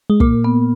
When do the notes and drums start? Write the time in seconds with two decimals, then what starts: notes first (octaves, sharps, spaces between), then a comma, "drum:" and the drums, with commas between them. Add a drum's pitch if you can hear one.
0.10 G#3
0.20 A#2 A#3, drum: kick
0.44 B3